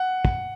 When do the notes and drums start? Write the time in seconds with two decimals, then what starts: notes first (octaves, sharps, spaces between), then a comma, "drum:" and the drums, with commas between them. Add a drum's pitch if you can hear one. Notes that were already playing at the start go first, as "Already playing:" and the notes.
Already playing: F#5
0.25 drum: kick